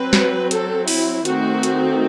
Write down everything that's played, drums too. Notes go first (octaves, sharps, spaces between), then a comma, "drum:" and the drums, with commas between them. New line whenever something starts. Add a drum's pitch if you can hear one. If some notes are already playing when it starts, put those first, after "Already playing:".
Already playing: F#3 C4 B4
drum: snare
A4, drum: hi-hat
E4, drum: open hi-hat
D#3 A3 C4 F#4, drum: hi-hat
drum: hi-hat